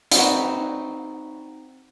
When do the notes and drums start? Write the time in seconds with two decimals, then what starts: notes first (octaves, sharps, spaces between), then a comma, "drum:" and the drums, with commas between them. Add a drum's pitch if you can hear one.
0.12 C4 D#4 F#4 B4, drum: hi-hat